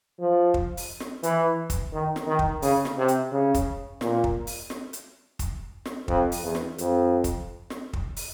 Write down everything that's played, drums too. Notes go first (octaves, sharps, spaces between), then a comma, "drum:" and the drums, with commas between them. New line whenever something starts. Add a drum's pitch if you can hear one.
F3
drum: kick
drum: open hi-hat
drum: snare
E3, drum: hi-hat
drum: kick, hi-hat
D#3
drum: snare
D#3
drum: kick
C#3, drum: open hi-hat
drum: snare
C3
drum: hi-hat
C#3
drum: kick, hi-hat
A#2, drum: snare
drum: kick
drum: open hi-hat
drum: snare
drum: hi-hat
drum: kick, hi-hat
drum: snare
F2, drum: kick
drum: open hi-hat
E2
drum: snare
F2, drum: hi-hat
drum: kick, hi-hat
drum: snare
drum: kick
drum: open hi-hat